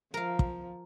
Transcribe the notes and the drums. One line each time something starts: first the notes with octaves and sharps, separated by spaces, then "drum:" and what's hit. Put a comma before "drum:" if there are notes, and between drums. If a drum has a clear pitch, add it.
F3 A#4 F5
drum: kick